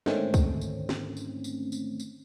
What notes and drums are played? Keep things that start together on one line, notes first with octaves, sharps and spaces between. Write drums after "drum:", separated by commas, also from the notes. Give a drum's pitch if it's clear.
G#2 D3 D#3 A3 C4 C#4, drum: snare
drum: kick C#2, tambourine
drum: tambourine
drum: snare
drum: tambourine
drum: tambourine
drum: tambourine
drum: tambourine